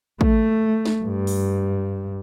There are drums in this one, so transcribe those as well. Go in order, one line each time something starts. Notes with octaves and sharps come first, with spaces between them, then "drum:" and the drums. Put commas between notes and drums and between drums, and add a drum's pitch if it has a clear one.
A3, drum: kick
drum: snare
G2
drum: open hi-hat